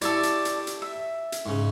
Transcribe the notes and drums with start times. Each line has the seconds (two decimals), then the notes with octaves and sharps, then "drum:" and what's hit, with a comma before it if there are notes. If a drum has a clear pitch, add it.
0.01 E4 G4 A4 D5 C#6, drum: hi-hat
0.23 drum: hi-hat
0.45 drum: hi-hat
0.67 drum: hi-hat
0.82 E5
1.32 drum: hi-hat
1.46 G#2 C#3